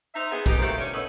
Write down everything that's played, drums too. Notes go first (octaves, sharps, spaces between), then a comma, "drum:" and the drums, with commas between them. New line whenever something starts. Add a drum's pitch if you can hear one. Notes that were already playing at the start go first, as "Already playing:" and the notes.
D#4 C5 E5
B3 D#4 G#4
D#4 G4, drum: kick
D#3 F#3 A3 C4 F4 G4, drum: tom
G2 C#4
A3 B3 C#4 D#4 B4 E5